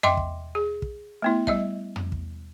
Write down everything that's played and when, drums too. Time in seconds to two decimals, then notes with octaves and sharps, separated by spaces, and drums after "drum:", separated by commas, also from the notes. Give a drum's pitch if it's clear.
0.03 D#5 E5 G5 C6 D6, drum: tom
0.17 drum: kick
0.55 G#4
0.82 drum: kick
1.22 A3 B3 E4
1.47 G3 D#5 E5, drum: kick
1.96 drum: tom
2.12 drum: kick